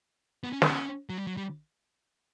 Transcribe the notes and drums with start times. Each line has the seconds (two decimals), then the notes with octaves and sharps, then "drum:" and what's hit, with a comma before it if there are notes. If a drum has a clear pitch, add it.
0.44 B3
0.53 C#4
0.62 D4, drum: snare
0.71 C#4
1.10 F#3
1.18 G3
1.27 F#3
1.37 G3